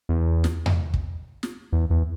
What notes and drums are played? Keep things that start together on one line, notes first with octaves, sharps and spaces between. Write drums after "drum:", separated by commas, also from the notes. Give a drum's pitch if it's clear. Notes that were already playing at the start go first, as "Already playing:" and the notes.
E2
drum: snare
drum: tom E2
drum: kick
drum: snare
E2
E2